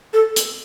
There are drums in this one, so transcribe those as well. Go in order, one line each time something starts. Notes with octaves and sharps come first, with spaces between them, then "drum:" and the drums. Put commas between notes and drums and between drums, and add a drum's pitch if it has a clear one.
A4
drum: hi-hat